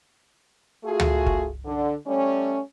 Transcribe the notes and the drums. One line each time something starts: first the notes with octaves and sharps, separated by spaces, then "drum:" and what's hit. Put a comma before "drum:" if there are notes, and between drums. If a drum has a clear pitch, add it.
A3 F4 F#4 G#4
drum: tom C#2
drum: kick
D3
G3 A3 C#4